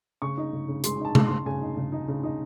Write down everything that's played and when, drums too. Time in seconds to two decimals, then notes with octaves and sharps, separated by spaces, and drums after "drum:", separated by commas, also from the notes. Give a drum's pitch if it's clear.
0.22 C#3 C#6
0.38 D#4
0.53 C#3
0.68 C#3
0.84 G#3 C6, drum: hi-hat
1.00 D#4
1.05 A5
1.15 C#3, drum: tom C3
1.26 C#3 C6
1.46 C#3 G#5
1.61 D#4
1.77 C#3
1.92 D#4
2.08 C#3
2.23 D#4